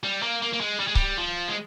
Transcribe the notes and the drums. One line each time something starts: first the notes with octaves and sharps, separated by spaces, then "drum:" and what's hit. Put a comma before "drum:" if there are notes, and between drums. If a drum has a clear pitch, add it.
G3
A#3
A#3
A#3
G#3
G3
G#3
G3, drum: kick C#1
F3
G#3